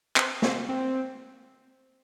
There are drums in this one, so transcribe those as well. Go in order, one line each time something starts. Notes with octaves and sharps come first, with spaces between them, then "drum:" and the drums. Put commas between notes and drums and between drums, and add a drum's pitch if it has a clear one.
C4, drum: clap
C4, drum: snare
C4